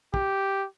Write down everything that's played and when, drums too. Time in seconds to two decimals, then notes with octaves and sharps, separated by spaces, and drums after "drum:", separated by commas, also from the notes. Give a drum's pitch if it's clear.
0.14 G4, drum: kick